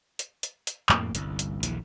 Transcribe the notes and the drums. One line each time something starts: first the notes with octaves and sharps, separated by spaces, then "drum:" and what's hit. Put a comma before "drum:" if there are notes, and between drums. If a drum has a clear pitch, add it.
drum: hi-hat
drum: hi-hat
drum: hi-hat
F2 A2 A#3, drum: clap
G1 C2, drum: hi-hat
drum: hi-hat
A#1 D#2 E3, drum: hi-hat